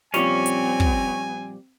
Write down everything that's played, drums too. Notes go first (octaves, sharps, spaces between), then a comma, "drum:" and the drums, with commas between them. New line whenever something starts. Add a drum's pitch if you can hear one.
A#2 F3 G3 C4 C#4 G#5, drum: snare
drum: hi-hat
drum: kick